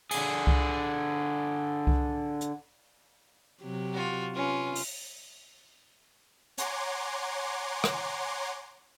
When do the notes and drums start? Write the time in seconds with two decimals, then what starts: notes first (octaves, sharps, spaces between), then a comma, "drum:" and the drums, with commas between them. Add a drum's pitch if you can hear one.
0.11 D3 G#4, drum: cymbal
0.47 drum: kick C2
1.87 drum: kick C2
2.41 drum: hi-hat
3.62 C3 F#3 G4
3.92 F4 F#4
4.35 C#4 F4 B4
4.76 drum: open hi-hat
6.58 C#5 F#5 G#5 A#5 C6 D6, drum: hi-hat
7.84 drum: rim click